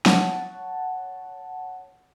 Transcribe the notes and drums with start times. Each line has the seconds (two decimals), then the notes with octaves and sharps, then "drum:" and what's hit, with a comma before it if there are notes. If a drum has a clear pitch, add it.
0.06 C#5 F#5 A5, drum: snare